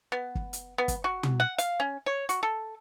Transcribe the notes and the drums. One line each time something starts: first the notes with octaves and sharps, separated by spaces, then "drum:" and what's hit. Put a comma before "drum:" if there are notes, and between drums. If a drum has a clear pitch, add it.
B3
drum: kick
drum: hi-hat
B3
drum: kick, hi-hat
F#4
drum: tom
F#5
F5, drum: hi-hat
C#4
C#5
F#4, drum: hi-hat
A4